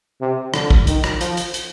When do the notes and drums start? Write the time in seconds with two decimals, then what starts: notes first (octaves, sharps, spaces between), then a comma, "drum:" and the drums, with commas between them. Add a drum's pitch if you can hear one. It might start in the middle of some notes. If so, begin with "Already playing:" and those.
0.21 C3
0.54 D3, drum: rim click
0.70 drum: kick
0.87 D#3, drum: hi-hat
1.04 drum: rim click
1.21 F3, drum: hi-hat
1.37 drum: hi-hat
1.54 drum: hi-hat